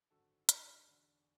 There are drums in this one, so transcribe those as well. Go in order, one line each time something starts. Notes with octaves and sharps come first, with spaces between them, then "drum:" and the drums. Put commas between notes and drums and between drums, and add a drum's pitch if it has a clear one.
G#1 F#2 D3 F#4 A4
G#1 F#2 D3 D4 F#4, drum: hi-hat
E1 E2 D3